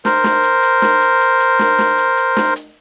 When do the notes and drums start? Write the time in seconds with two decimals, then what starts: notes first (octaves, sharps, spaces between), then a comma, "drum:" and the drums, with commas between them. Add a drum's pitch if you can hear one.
0.05 A#4 C5, drum: snare
0.24 drum: snare
0.43 drum: hi-hat
0.63 drum: hi-hat
0.82 drum: snare
1.01 drum: hi-hat
1.21 drum: hi-hat
1.40 drum: hi-hat
1.59 drum: snare
1.79 drum: snare
1.98 drum: hi-hat
2.17 drum: hi-hat
2.37 drum: snare
2.56 drum: hi-hat